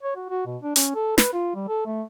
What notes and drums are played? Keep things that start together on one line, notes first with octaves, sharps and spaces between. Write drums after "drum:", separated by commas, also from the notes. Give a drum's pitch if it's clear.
C#5
F#4
F#4
B2
D4
C#4, drum: hi-hat
A4
B4, drum: snare
F4
G3
A4
A3